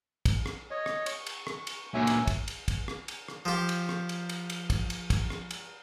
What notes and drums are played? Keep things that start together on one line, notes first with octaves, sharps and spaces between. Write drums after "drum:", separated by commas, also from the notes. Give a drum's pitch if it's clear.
drum: kick, cymbal
drum: rim click
C#5 D#5
drum: rim click
C#6, drum: cymbal
drum: cymbal
drum: rim click
drum: cymbal
A#2 F#3 C#5 E5 G#5
drum: cymbal
drum: kick, cymbal
drum: cymbal
drum: kick, cymbal
drum: rim click
drum: cymbal
drum: rim click
F3 G4
drum: cymbal
drum: rim click
drum: cymbal
drum: cymbal
drum: cymbal
drum: kick, cymbal
drum: cymbal
drum: kick, cymbal
drum: rim click
drum: cymbal